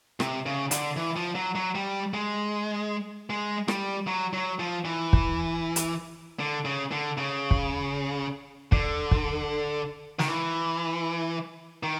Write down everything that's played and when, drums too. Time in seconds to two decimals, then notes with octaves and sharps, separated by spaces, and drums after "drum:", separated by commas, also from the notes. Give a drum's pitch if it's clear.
0.20 C3, drum: rim click
0.46 C#3
0.71 D3, drum: hi-hat
0.96 E3
1.16 F3
1.36 F#3
1.55 F#3
1.75 G3
2.14 G#3
3.30 G#3
3.68 G3, drum: rim click
4.07 F#3
4.33 F#3
4.59 F3
4.85 E3
5.13 drum: kick
5.76 drum: hi-hat
6.40 D3
6.65 C#3
6.91 D3
7.18 C#3
7.51 drum: kick
8.72 D3, drum: kick
9.11 drum: kick
10.19 D#3, drum: snare
10.28 E3
11.83 D#3